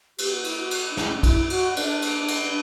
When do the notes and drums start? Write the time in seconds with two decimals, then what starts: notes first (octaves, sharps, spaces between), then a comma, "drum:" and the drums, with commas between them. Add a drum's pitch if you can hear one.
0.18 G4, drum: cymbal
0.31 F#4
0.44 E4, drum: cymbal
0.57 F#4
0.71 drum: cymbal
0.91 D4
0.97 E4, drum: snare
1.08 C#4
1.15 D4
1.23 E4, drum: kick, cymbal
1.50 F#4, drum: cymbal
1.76 D4, drum: cymbal
2.02 drum: cymbal
2.28 drum: cymbal
2.42 D4